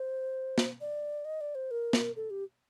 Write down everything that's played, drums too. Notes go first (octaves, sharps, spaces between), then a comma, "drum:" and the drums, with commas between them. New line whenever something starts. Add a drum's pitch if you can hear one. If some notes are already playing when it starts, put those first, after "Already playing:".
Already playing: C5
drum: snare
D5
D#5
D5
C5
A#4
drum: snare
A4
G4